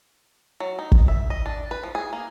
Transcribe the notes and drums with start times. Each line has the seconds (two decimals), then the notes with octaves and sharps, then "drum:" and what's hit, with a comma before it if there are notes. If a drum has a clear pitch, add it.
0.60 F#3
0.79 D#4
0.92 drum: kick
1.08 E5
1.30 D#5
1.46 D4
1.71 B4
1.83 F3
1.95 G#4
2.13 A#3